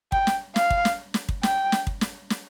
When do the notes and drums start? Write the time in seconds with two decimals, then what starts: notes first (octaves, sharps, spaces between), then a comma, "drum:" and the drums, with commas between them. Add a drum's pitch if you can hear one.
0.12 G5, drum: kick
0.27 drum: snare
0.56 F5, drum: snare
0.70 drum: kick
0.85 drum: snare
1.14 drum: snare
1.29 drum: kick
1.43 G5, drum: snare
1.72 drum: snare
1.87 drum: kick
2.01 drum: snare
2.30 drum: snare